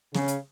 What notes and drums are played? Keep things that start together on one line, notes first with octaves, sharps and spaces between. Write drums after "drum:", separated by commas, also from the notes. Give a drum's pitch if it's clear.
C#3, drum: snare
drum: hi-hat